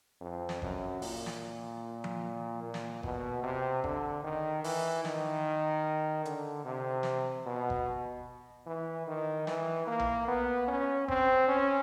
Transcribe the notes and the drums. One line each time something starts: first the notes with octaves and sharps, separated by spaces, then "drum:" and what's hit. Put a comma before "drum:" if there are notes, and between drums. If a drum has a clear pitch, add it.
F2
drum: snare
F#2, drum: kick G1
A#2, drum: open hi-hat
drum: snare
drum: tom F3
A#2
drum: snare
B2, drum: kick G1
C3
D3, drum: kick G1
D#3
E3, drum: open hi-hat
D#3, drum: snare
D3, drum: hi-hat
C3
drum: snare
B2
drum: kick G1
E3
D#3
E3, drum: snare
A#3
drum: tom B1
B3
C#4
C4, drum: kick G1
C#4